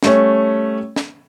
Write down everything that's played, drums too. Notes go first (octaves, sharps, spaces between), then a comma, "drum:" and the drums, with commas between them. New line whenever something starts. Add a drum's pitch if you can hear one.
G3 A3 C#4, drum: snare
drum: snare